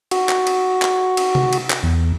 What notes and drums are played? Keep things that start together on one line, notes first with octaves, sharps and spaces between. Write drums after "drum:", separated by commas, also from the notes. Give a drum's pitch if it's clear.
F#4, drum: cymbal
drum: clap
drum: cymbal
drum: clap
drum: cymbal
drum: tom C3
drum: cymbal
drum: clap
E2